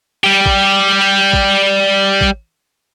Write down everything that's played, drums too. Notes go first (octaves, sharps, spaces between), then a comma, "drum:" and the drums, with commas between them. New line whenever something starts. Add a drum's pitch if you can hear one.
G3 G4
drum: kick A1
drum: kick A1
drum: kick A1